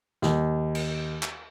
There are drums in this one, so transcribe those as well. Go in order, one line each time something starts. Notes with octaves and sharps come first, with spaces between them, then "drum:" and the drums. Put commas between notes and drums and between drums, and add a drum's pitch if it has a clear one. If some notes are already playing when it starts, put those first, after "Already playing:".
D#2, drum: snare
drum: cymbal
drum: clap